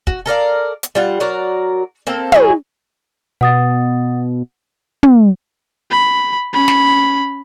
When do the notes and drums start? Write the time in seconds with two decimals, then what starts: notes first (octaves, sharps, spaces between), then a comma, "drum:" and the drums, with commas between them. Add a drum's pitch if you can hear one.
0.07 F#4, drum: kick
0.26 A4 A#4 D5 F5
0.83 drum: hi-hat
0.95 G3 F4 F#5
1.20 F#3 F#4 A#4 D5
2.07 A#3 C4 A4
2.32 F#3 G#3 E4 G#4, drum: tom
3.41 B2 F#5 D#6 A6
5.03 drum: tom
5.91 B5
6.54 C#4 B5
6.68 drum: snare